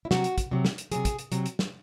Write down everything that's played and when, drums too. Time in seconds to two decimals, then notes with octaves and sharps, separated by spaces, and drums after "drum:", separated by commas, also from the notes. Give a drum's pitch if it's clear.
0.05 E4
0.11 C3 F#3 F#4, drum: snare
0.24 drum: hi-hat
0.38 drum: kick, hi-hat
0.51 C3 F#3
0.65 drum: snare
0.78 drum: hi-hat
0.92 C3 F#3 G#4, drum: hi-hat
1.05 drum: kick, hi-hat
1.19 drum: hi-hat
1.32 C3 F#3, drum: hi-hat
1.46 drum: hi-hat
1.59 drum: snare